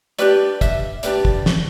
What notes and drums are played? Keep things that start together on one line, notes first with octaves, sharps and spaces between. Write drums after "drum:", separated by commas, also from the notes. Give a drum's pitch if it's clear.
D4 G4 B4 D5, drum: hi-hat
E5, drum: kick, hi-hat
D4 G4 B4 D5, drum: hi-hat
drum: kick
drum: snare